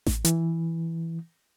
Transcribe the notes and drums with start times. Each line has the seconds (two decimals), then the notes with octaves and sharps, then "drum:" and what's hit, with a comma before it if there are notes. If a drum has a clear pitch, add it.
0.06 drum: snare A1
0.25 E3, drum: hi-hat